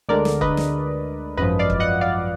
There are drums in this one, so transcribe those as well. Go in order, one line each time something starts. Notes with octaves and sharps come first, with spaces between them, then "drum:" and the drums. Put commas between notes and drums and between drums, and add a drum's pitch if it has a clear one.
D2 D3 G#3 A#4 D5
drum: snare
B4 D#5, drum: kick
drum: snare
G#1 F#2 F3 B4 D#5
D5 F5
drum: kick
D#5 F#5
D5 F5